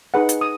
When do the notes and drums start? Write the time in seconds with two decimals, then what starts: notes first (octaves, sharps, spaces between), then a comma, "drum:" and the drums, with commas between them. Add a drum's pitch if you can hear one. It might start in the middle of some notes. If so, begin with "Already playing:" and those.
0.14 D#4 G#4 B4 F#5
0.29 drum: hi-hat
0.41 D#6